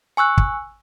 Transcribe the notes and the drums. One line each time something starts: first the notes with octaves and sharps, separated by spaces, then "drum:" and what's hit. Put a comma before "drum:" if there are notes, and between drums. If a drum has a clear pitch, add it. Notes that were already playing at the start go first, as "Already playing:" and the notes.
G#5 C#6 E6 F#6
drum: kick